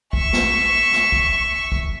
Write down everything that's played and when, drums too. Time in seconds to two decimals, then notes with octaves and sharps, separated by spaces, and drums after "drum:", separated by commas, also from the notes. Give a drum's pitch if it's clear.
0.13 E5 C#6, drum: kick
0.33 drum: snare
0.93 drum: snare
1.12 drum: kick
1.72 drum: kick